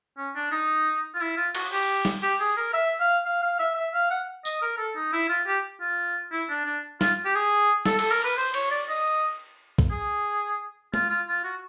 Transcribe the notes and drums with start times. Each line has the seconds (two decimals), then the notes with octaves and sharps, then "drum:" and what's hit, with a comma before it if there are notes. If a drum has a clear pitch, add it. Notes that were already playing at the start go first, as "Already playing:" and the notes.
0.17 C#4
0.36 D4
0.52 D#4
1.14 F4
1.21 E4
1.37 F4
1.55 F#4, drum: cymbal
1.72 G4
2.05 drum: snare
2.23 G4
2.40 G#4
2.57 A#4
2.73 E5
3.00 F5
3.26 F5
3.43 F5
3.59 E5
3.76 E5
3.94 F5
4.11 F#5
4.45 D#5, drum: tambourine
4.62 A#4
4.78 A4
4.96 D#4
5.13 E4
5.29 F4
5.47 G4
5.80 F4
6.32 E4
6.49 D4
6.66 D4
7.01 F4, drum: snare
7.25 G4
7.35 G#4
7.86 A4, drum: snare
7.99 A4, drum: cymbal
8.11 A#4
8.24 B4
8.37 C5
8.54 C#5, drum: cymbal
8.71 D5
8.89 D#5
9.78 drum: kick
9.91 G#4
10.94 F4, drum: tom G#3
11.10 F4
11.28 F4
11.44 F#4